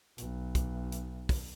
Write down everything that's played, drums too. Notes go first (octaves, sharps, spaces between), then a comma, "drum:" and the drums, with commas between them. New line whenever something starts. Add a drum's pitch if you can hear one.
B1, drum: hi-hat
drum: kick, hi-hat
drum: hi-hat
drum: kick, open hi-hat